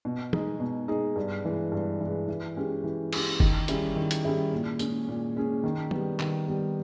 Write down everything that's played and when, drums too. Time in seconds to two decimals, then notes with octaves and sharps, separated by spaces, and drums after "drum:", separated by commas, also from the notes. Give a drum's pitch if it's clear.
0.05 B2
0.33 G#3 D#4 G#4, drum: tom
0.60 B2
0.88 G#3 D#4 G#4
1.16 G2
1.45 E3 G#3
1.72 G2
2.00 E3 G#3
2.28 E3
2.56 G#3 C#4 G4
2.84 E3
3.13 G#3 C#4 G4, drum: cymbal
3.40 D#3, drum: kick F#1
3.68 G3 C#4 E4 G#4, drum: hi-hat
3.96 D#3
4.11 drum: hi-hat
4.24 G3 C#4 E4 G#4
4.52 A#2
4.79 G#3 C#4 G#4, drum: tambourine
5.08 A#2
5.36 G#3 C#4 G#4
5.64 D#3
5.91 G3 B3, drum: tom
6.20 D#3, drum: clap
6.48 G3 B3